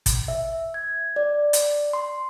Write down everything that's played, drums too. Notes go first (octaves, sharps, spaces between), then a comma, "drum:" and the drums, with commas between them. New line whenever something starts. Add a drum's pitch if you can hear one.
drum: kick, hi-hat
E5
G#6
D5
drum: hi-hat
C6